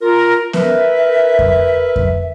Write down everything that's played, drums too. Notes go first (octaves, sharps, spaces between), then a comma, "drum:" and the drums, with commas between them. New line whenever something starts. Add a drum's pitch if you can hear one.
F4 A#4
A#4 B4 E5, drum: snare
drum: kick F2
drum: kick F2